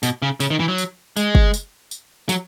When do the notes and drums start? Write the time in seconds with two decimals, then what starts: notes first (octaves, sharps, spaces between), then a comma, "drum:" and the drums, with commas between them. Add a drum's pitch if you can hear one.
0.03 B2, drum: tambourine
0.22 C#3
0.40 C#3, drum: tambourine
0.50 D#3
0.60 E3
0.68 F#3
0.78 drum: tambourine
1.17 G#3, drum: tambourine
1.35 drum: kick
1.54 drum: tambourine
1.91 drum: tambourine
2.29 F#3, drum: tambourine